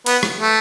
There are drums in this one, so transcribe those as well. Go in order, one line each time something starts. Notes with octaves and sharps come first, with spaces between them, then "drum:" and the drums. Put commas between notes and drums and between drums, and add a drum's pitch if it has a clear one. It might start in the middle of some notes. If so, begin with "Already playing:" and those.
B3, drum: cymbal
drum: rim click
A3